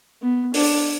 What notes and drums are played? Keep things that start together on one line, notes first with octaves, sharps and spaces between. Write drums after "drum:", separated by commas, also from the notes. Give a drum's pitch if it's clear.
B3
D4, drum: open hi-hat